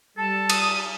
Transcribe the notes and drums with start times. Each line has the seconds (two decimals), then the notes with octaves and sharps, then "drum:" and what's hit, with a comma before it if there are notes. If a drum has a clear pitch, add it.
0.18 G3 A4 A5
0.49 D#6, drum: cymbal